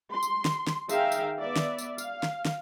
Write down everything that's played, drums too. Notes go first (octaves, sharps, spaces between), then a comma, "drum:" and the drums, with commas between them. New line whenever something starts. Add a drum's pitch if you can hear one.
C6
drum: tambourine
drum: snare
drum: snare
D#3 G#4 E5 F5 G5 A#5, drum: tambourine
drum: tambourine
B3 D5 E5
drum: snare
drum: tambourine
F5, drum: tambourine
drum: snare
drum: snare